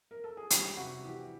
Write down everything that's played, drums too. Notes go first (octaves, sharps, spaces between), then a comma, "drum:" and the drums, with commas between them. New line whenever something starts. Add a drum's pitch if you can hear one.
A#4
A4
G#4
G3 G4, drum: hi-hat
C3 F#4
E3 G4